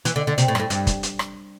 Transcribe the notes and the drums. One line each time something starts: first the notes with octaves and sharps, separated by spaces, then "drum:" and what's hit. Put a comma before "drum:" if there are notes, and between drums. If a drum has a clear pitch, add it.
E3, drum: hi-hat
D3
D3
C3, drum: hi-hat
A2
G2, drum: rim click
A2
G2, drum: hi-hat
drum: kick, hi-hat
drum: hi-hat
drum: rim click